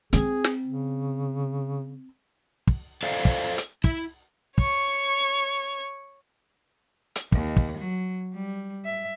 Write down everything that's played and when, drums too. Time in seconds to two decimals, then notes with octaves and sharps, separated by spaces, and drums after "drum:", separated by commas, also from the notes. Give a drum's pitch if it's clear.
0.13 C4 G#4, drum: hi-hat
0.44 drum: snare
0.65 C#3
2.67 drum: kick
3.03 F4 A4 C5 D5 D#5 F5
3.25 drum: kick
3.58 drum: hi-hat
3.84 E4, drum: kick
4.58 C#5 C#6, drum: kick
7.16 drum: hi-hat
7.32 D#2, drum: kick
7.57 drum: kick
7.77 F#3
8.34 G3
8.85 E5